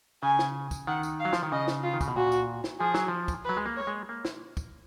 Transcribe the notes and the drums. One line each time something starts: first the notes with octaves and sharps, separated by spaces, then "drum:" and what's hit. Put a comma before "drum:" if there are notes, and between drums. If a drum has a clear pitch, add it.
C#3 G#5
drum: snare
drum: kick, tambourine
D#3 F#5
drum: tambourine
F5
F#3
F3, drum: snare
D#3
C#3 D#5
drum: snare
F4
D#3
C#3, drum: kick, tambourine
B2
A#2 F#4
drum: tambourine
drum: snare
F3 G#4
F#3, drum: snare
F3
drum: kick, tambourine
F#3 B4
G#3
A#3
C#5
G#3
A#3
drum: snare
drum: kick, tambourine